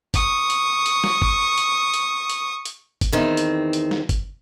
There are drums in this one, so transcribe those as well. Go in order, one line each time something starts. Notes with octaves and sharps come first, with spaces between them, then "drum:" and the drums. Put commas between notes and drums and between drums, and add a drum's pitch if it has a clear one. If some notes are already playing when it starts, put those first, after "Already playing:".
C#6 D#6, drum: kick G1, hi-hat
drum: hi-hat
drum: hi-hat
drum: snare
drum: kick G1
drum: hi-hat
drum: hi-hat
drum: hi-hat
drum: hi-hat
drum: kick G1, hi-hat
E2 D#3 C4
drum: hi-hat
drum: hi-hat
drum: snare
drum: kick G1, hi-hat